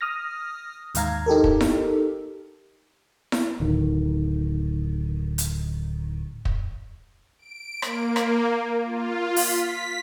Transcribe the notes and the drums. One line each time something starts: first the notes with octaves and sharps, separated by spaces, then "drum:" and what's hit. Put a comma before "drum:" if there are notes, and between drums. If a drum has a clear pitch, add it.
D#6 F6 A#6
D#2 G#2 F5 A#5 G#6, drum: hi-hat
D#4 G4 A4 A#4
drum: kick
drum: snare E4
drum: snare E4
D1 D#3
drum: hi-hat
drum: kick
D7
A#3, drum: rim click
drum: rim click
F4
B6, drum: open hi-hat